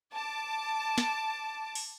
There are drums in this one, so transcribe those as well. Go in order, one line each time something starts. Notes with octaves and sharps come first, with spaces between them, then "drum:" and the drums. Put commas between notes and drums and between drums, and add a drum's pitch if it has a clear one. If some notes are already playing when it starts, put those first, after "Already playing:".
A5 D6
drum: snare
drum: open hi-hat